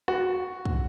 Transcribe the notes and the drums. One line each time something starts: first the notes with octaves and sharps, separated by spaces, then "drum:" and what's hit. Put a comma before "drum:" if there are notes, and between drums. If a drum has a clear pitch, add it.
F#4, drum: rim click
drum: kick